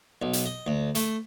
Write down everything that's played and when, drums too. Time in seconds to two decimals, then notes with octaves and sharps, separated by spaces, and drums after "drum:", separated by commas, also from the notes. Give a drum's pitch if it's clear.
0.22 B1
0.33 drum: hi-hat
0.45 D#5
0.67 D2
0.95 A3, drum: hi-hat